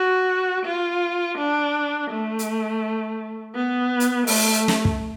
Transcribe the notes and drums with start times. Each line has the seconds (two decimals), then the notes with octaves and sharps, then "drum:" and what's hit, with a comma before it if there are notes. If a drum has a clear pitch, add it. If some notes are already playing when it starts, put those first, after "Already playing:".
Already playing: F#4
0.65 F4
1.38 D4
2.10 A3
2.39 drum: hi-hat
3.55 B3
4.00 drum: hi-hat
4.27 A3, drum: open hi-hat
4.68 drum: snare
4.85 drum: kick